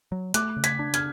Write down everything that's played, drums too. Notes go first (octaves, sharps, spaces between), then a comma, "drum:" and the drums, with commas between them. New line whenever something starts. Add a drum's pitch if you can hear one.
F#3
A3 D6 F#6, drum: hi-hat
C#3
G#6 B6, drum: hi-hat
D4
F6 G#6, drum: hi-hat